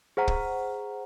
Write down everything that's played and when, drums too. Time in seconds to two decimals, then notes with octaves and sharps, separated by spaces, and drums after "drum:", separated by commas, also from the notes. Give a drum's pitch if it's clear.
0.17 G#4 C5 F#5 A#5
0.28 drum: kick